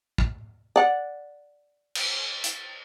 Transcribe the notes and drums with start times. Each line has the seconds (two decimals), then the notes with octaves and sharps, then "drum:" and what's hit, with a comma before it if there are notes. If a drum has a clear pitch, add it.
0.18 drum: kick
0.76 D5 F#5
1.95 drum: cymbal
2.44 drum: hi-hat